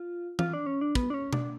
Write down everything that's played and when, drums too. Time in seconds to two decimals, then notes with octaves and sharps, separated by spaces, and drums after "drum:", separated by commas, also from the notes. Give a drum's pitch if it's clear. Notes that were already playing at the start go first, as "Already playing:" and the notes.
Already playing: F4
0.39 F4, drum: tom E3
0.53 D4
0.66 C#4
0.81 D4
0.95 B3, drum: kick
1.10 D4
1.14 C#4
1.33 D4, drum: tom B2